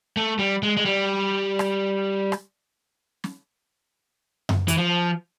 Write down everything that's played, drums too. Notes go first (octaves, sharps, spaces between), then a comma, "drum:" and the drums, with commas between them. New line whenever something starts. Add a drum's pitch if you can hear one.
A3
G3
G#3
G#3
G3
drum: rim click
drum: rim click
drum: snare
drum: tom F#2
E3, drum: hi-hat
F3